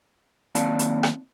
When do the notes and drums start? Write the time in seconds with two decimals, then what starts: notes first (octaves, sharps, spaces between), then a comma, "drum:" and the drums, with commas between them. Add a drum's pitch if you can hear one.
0.55 D#2 C4 D5 F5 A5, drum: hi-hat
0.79 drum: hi-hat
1.03 drum: rim click